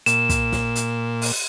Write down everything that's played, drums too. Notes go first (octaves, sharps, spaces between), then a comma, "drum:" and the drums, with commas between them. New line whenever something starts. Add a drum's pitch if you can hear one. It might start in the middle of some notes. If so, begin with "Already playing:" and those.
A#2 E7, drum: hi-hat
drum: kick, hi-hat
drum: snare
drum: hi-hat
drum: open hi-hat